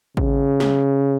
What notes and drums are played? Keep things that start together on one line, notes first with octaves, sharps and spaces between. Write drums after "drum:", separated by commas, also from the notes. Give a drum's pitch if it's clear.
C#3, drum: kick G#1
drum: snare